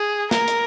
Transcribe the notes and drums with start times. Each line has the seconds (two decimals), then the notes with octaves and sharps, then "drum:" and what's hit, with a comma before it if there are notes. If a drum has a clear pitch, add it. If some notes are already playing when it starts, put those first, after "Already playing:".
Already playing: G#4
0.31 A#4, drum: snare
0.48 drum: hi-hat